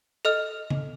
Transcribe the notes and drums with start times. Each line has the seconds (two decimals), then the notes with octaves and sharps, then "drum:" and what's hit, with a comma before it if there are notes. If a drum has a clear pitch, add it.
0.25 A4 D#5 F6
0.70 drum: tom C#3